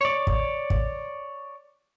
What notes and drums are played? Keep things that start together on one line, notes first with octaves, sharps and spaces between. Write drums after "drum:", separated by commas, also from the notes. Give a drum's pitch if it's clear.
C#5 D5
drum: kick
drum: kick